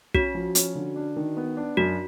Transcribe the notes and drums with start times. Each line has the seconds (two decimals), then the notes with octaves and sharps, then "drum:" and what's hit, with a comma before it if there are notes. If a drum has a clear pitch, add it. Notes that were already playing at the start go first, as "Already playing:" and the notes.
0.14 C#4 F#4, drum: kick
0.34 F3
0.55 C#4, drum: hi-hat
0.75 D3
0.96 D4
1.16 D#3
1.37 B3
1.57 D4
1.77 F#2 F#4